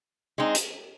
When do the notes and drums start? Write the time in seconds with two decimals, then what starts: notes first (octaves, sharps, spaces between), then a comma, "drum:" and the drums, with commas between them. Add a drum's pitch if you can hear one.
0.38 G#3 C4 D#4
0.55 drum: hi-hat